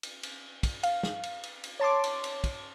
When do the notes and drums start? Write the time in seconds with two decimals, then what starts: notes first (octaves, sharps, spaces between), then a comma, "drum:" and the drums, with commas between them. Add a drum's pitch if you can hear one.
0.03 drum: cymbal
0.23 drum: cymbal
0.63 drum: kick, cymbal
0.83 F5, drum: cymbal
1.03 drum: snare
1.23 drum: cymbal
1.44 drum: cymbal
1.64 drum: cymbal
1.80 C#5 A5 C6 D6
2.04 drum: cymbal
2.24 drum: cymbal
2.44 drum: kick, cymbal